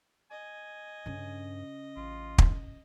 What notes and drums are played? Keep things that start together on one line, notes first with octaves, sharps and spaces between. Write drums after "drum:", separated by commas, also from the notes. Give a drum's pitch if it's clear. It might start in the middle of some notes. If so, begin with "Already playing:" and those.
D#5 G#5
G2 C#3 C#4
A1 F4
drum: kick